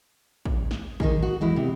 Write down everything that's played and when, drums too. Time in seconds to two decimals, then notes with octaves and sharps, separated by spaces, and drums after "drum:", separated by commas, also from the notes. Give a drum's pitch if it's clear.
0.45 drum: kick
0.71 drum: snare
1.00 D#3 D#4 G#4, drum: kick
1.22 F#4
1.41 E2 G#3 E4
1.56 C3